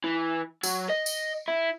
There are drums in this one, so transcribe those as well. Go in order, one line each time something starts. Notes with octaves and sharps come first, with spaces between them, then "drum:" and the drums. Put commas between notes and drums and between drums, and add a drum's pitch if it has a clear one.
E3
F#3, drum: tambourine
D#5
drum: tambourine
E4